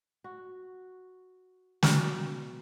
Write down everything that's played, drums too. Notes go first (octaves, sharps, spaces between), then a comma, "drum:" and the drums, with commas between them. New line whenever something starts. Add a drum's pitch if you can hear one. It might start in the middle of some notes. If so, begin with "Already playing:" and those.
F#4
B2, drum: snare